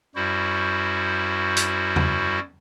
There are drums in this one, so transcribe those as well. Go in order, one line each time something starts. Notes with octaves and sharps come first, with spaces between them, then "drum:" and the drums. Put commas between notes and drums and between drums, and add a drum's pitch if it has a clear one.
F#2 G3 E4 F#4 C5
drum: hi-hat
drum: tom E2